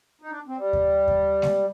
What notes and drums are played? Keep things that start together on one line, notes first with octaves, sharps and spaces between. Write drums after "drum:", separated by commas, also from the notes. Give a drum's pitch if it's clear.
D#4
D4
C4
G3
drum: kick D#2
drum: kick D#2
drum: snare G#3